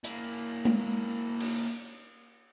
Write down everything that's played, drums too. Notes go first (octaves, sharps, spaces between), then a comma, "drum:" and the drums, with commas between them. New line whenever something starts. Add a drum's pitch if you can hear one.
A#3 E4, drum: hi-hat
drum: tom G#3
drum: cymbal